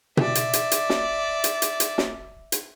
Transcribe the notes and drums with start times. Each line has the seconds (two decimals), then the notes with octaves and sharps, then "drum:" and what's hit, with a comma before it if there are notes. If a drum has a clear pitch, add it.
0.17 D5 E5, drum: tom B2
0.35 drum: hi-hat
0.53 drum: hi-hat
0.71 drum: hi-hat
0.90 drum: snare
1.44 drum: hi-hat
1.62 drum: hi-hat
1.80 drum: hi-hat
1.98 drum: snare
2.52 drum: hi-hat